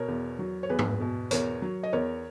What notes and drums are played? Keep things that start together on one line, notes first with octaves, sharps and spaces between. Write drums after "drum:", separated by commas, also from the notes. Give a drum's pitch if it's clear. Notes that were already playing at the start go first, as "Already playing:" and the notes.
Already playing: B2 A#4 C#5
E2
F#3
C#5
E2 G#4 B4
drum: tom G#2
B2
E2 A#4 C#5, drum: hi-hat
F#3
D#5
E2 A#4 C#5